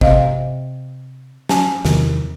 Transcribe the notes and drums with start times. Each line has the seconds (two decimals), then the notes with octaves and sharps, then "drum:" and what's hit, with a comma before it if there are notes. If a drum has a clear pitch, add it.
0.01 C3 D#5 F5, drum: kick G#1
1.49 C#4 G#5, drum: snare
1.85 E2 C3 D#3, drum: snare